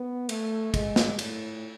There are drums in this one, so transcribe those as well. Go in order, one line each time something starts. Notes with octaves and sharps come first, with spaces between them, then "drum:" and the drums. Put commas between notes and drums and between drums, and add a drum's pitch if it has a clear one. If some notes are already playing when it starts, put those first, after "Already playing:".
Already playing: B3
A3, drum: cymbal
G#3, drum: kick, cymbal
drum: snare
A2, drum: cymbal